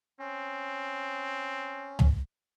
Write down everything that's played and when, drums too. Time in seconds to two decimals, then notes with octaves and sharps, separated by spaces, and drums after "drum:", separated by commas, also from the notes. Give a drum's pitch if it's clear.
0.19 C4 C#4
1.99 drum: tom